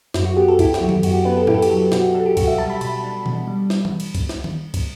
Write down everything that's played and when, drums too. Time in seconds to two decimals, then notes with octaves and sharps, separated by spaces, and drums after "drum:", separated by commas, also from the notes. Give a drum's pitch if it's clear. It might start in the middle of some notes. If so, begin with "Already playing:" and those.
0.14 F#2 F#4, drum: snare
0.25 F#4
0.37 B3 G4
0.48 A4
0.59 E4 G4, drum: kick, cymbal
0.74 G4, drum: snare
0.81 F#3 F#4
0.89 G4, drum: tom D#3
1.03 F#2 F#4, drum: cymbal
1.14 G4
1.25 B3 B4
1.37 A4
1.47 E4 G4, drum: tom
1.54 A4
1.62 G4, drum: cymbal
1.70 F#3
1.92 B2 F#4, drum: snare
2.14 D4 A4
2.26 G4
2.37 B2 F#4, drum: kick, cymbal
2.47 E5
2.58 G3 A5
2.70 B5
2.81 B2 B5, drum: cymbal
3.04 D4
3.26 B2, drum: tom E3
3.48 G3
3.70 drum: snare
3.85 drum: tom E3
4.00 drum: cymbal
4.15 drum: kick, cymbal
4.29 drum: snare
4.44 drum: tom D#3
4.74 drum: kick, cymbal